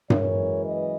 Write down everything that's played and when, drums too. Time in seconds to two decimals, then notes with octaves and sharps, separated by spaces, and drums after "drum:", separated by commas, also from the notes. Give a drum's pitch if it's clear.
0.10 F#2 E3 G#3 A#4 C#5, drum: tom G2
0.67 B4 D#5